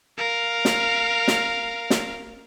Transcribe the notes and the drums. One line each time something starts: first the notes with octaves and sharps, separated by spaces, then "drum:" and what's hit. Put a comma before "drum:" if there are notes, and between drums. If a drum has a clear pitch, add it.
A#4 F5
drum: snare
drum: snare
drum: snare